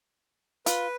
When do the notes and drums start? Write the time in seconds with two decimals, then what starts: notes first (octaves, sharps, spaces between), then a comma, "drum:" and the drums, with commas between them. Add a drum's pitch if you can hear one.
0.66 F4 B4, drum: hi-hat